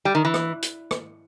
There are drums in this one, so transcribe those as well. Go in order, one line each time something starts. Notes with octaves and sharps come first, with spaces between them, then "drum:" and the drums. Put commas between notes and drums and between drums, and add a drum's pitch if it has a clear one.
G3
D#3
E3
drum: rim click
drum: hi-hat
drum: rim click